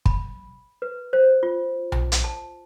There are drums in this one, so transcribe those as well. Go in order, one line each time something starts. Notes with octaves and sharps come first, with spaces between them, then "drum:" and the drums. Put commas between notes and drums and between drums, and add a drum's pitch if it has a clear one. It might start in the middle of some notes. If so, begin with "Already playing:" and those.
B5, drum: kick
B4
C5
F4
drum: tom B1
drum: hi-hat
A5